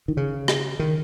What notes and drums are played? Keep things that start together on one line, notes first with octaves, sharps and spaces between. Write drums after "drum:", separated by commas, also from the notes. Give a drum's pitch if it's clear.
D#3
C#3
drum: rim click
D#3